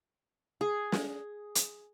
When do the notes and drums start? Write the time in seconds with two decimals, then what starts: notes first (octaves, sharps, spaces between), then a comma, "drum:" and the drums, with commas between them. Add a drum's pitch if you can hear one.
0.61 G#4
0.92 drum: snare
1.55 drum: hi-hat